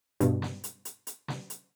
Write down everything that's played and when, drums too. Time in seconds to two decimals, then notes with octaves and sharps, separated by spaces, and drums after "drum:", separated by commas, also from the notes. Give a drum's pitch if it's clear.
0.20 G2 B2, drum: hi-hat
0.42 drum: snare
0.64 drum: hi-hat
0.85 drum: hi-hat
1.07 drum: hi-hat
1.28 drum: snare
1.50 drum: hi-hat